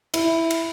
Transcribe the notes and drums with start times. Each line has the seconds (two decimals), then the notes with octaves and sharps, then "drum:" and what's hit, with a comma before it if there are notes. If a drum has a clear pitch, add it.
0.14 E4, drum: cymbal
0.50 drum: cymbal